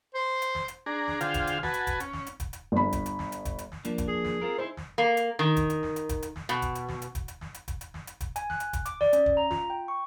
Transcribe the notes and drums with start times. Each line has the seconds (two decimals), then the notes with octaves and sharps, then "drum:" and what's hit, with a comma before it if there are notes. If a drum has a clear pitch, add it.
0.15 C5
0.42 drum: hi-hat
0.55 drum: snare
0.68 drum: hi-hat
0.86 D4 G#4 A#5
1.08 drum: snare
1.21 D3 F4 G#4 C5 F5 G5, drum: hi-hat
1.34 drum: kick, hi-hat
1.47 drum: hi-hat
1.63 F#4 B4 G#5 A5, drum: snare
1.74 drum: hi-hat
1.87 drum: kick, hi-hat
2.00 C#4, drum: hi-hat
2.13 drum: snare
2.27 drum: hi-hat
2.40 drum: kick, hi-hat
2.53 drum: hi-hat
2.72 G1 B5
2.93 drum: kick, hi-hat
3.06 drum: hi-hat
3.19 drum: snare
3.32 drum: hi-hat
3.45 drum: kick, hi-hat
3.59 drum: hi-hat
3.72 drum: snare
3.85 F3 A#3 D4, drum: hi-hat
3.98 drum: kick, hi-hat
4.08 G#4
4.25 drum: snare
4.42 C4 F4 A#4
4.58 D#4 E4 G#4 C5
4.77 drum: snare
4.98 A#3
5.17 drum: hi-hat
5.39 D#3
5.57 drum: kick, hi-hat
5.70 drum: hi-hat
5.83 drum: snare
5.96 drum: hi-hat
6.09 drum: kick, hi-hat
6.23 drum: hi-hat
6.36 drum: snare
6.49 B2, drum: hi-hat
6.62 drum: kick, hi-hat
6.75 drum: hi-hat
6.88 drum: snare
7.02 drum: hi-hat
7.15 drum: kick, hi-hat
7.28 drum: hi-hat
7.41 drum: snare
7.54 drum: hi-hat
7.68 drum: kick, hi-hat
7.81 drum: hi-hat
7.94 drum: snare
8.07 drum: hi-hat
8.20 drum: kick, hi-hat
8.36 G#5, drum: hi-hat
8.50 F#6, drum: snare
8.60 drum: hi-hat
8.73 drum: kick, hi-hat
8.86 D6, drum: hi-hat
9.01 D5, drum: snare
9.13 C#4, drum: hi-hat
9.26 drum: kick
9.37 A#5
9.51 F4, drum: snare
9.70 G5
9.88 C#6